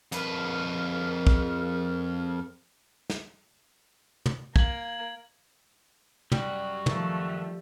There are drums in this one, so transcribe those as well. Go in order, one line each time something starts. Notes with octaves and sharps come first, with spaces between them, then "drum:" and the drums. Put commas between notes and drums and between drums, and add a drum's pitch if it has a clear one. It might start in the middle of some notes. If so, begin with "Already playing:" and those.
F2 G#4 A#4 B4 F6, drum: hi-hat
drum: kick
drum: snare
drum: tom
A#3 G#6 F#7, drum: kick
F#2 G3 F#4, drum: tom
D#3 F3 A3, drum: tom